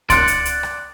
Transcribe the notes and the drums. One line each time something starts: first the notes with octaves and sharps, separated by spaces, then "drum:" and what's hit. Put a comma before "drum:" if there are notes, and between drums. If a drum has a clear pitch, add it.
D5 F#5 C6 F#6, drum: kick C#2, hi-hat
drum: hi-hat
drum: hi-hat
drum: rim click